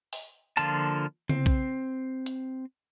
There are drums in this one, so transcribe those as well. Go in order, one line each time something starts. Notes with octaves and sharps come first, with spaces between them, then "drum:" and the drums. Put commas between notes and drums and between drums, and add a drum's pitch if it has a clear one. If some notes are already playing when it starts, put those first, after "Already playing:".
drum: open hi-hat
D3 F3 A#3 F4 A5, drum: hi-hat
C4, drum: tom C#3
drum: kick
drum: hi-hat